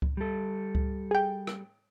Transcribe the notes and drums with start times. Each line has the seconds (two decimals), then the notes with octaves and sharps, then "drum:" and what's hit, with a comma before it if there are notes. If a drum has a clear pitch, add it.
0.02 drum: kick C#2
0.17 G3 A4
0.75 drum: kick C#2
1.11 G#4 G5
1.47 drum: rim click